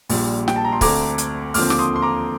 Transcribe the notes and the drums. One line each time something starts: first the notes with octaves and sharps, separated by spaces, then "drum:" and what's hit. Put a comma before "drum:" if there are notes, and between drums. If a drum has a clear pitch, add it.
A#1 A#2 G3, drum: open hi-hat
G5, drum: snare
A5
A#5
C6
D2 D3 A3 C4 A#5 D6, drum: kick C#1, open hi-hat
drum: hi-hat
D#2 D3 F3 C4 D6 F6, drum: open hi-hat
D6, drum: snare
C6 D#6
C6
A#5 D6